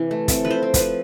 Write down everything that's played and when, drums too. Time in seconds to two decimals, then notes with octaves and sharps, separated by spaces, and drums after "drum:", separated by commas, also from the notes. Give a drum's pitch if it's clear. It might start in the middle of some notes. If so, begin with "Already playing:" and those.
Already playing: C3 E3
0.11 A3
0.28 C4 A4, drum: kick, hi-hat
0.45 F3 B4
0.50 C5
0.63 C4
0.74 B4, drum: kick, hi-hat
0.80 F3